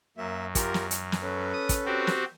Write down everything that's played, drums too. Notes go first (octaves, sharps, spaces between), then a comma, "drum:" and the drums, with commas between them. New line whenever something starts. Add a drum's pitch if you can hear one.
F#2 A#3 E5
F4 G4 A#4, drum: kick, hi-hat
drum: snare
F6, drum: hi-hat
drum: snare
C#4 A4 B4
D#6
drum: kick, hi-hat
C4 F#4 G4
drum: snare